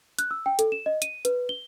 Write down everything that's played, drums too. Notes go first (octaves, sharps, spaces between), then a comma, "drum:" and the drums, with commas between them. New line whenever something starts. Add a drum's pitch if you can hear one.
F#6, drum: hi-hat
E6
G5
A4, drum: hi-hat
E7
D#5
D#7, drum: hi-hat
B4, drum: hi-hat
G7